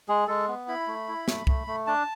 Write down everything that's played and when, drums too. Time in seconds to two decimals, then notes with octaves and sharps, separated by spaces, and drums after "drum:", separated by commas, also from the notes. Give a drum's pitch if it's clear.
0.09 G#3 G#4
0.28 G#3 A4
0.48 B3
0.68 E4 B5
0.87 A3
1.08 E4
1.28 A3, drum: snare
1.47 A3, drum: kick C2
1.67 A3
1.87 D4 A5